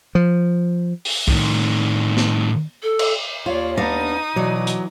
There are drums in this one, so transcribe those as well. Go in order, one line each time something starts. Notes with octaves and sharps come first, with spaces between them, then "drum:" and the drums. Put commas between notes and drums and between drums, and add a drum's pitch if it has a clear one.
F3
drum: open hi-hat
A2 D#3, drum: kick
drum: snare
A4
drum: cymbal
D#2 F4 C#5 D5 F5
B3 D4 D#4 F5 D#6 A#6
B2 E3 F#3 D5
drum: hi-hat